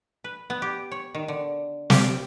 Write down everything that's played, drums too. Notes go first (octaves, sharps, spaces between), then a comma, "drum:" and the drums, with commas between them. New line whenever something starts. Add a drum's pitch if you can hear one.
B4
B3
G4
C#5
D#3
D3
G4, drum: snare